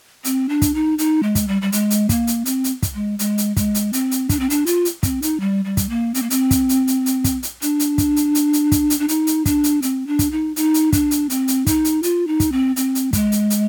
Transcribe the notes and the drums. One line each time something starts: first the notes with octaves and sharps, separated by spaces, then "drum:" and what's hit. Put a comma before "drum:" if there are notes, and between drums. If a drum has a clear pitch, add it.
C4, drum: hi-hat
D4
drum: kick, hi-hat
D#4
D#4, drum: hi-hat
G#3
drum: kick, hi-hat
G3
G3
G#3, drum: hi-hat
drum: hi-hat
A#3, drum: kick, hi-hat
drum: hi-hat
C4, drum: hi-hat
drum: hi-hat
drum: kick, hi-hat
G#3
G#3, drum: hi-hat
drum: hi-hat
G#3, drum: kick, hi-hat
drum: hi-hat
C4, drum: hi-hat
drum: hi-hat
D4, drum: kick, hi-hat
C4
D4, drum: hi-hat
F4, drum: hi-hat
drum: hi-hat
C4, drum: kick, hi-hat
D#4, drum: hi-hat
G3
G3
drum: kick, hi-hat
A#3
C4, drum: hi-hat
A#3
C4, drum: hi-hat
drum: kick, hi-hat
drum: hi-hat
drum: hi-hat
drum: hi-hat
drum: kick, hi-hat
drum: hi-hat
D4, drum: hi-hat
drum: hi-hat
drum: kick, hi-hat
drum: hi-hat
drum: hi-hat
drum: hi-hat
drum: kick, hi-hat
drum: hi-hat
D4
D#4, drum: hi-hat
drum: hi-hat
D4, drum: kick, hi-hat
drum: hi-hat
C4, drum: hi-hat
D4
drum: kick, hi-hat
D#4
D#4, drum: hi-hat
drum: hi-hat
D4, drum: kick, hi-hat
drum: hi-hat
C4, drum: hi-hat
drum: hi-hat
D#4, drum: kick, hi-hat
drum: hi-hat
F4, drum: hi-hat
D#4
drum: kick, hi-hat
C4
C4, drum: hi-hat
drum: hi-hat
G#3, drum: kick, hi-hat
drum: hi-hat
drum: hi-hat